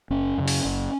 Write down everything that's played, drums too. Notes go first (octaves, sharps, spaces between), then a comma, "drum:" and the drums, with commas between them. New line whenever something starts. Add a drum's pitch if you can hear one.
F#1 C#4
F#2 C#3
drum: open hi-hat
F#1